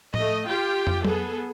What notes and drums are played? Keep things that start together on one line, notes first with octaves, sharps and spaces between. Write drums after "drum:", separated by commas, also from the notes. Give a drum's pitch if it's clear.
A3 D#5, drum: tom A2
F4 G4 G5
drum: tom
B3 G#4 A4, drum: tom